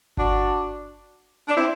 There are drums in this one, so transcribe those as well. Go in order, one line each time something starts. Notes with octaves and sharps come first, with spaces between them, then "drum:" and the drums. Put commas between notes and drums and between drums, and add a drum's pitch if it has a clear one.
D4 F#4, drum: kick G1
D4
C4 E4